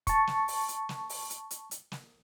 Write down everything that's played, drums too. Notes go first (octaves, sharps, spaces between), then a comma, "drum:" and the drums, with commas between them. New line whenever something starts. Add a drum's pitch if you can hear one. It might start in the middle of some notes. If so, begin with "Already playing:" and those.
A5 C#6, drum: kick, hi-hat
drum: snare
drum: open hi-hat
drum: hi-hat
drum: snare
drum: open hi-hat
drum: hi-hat
drum: hi-hat
drum: hi-hat
drum: snare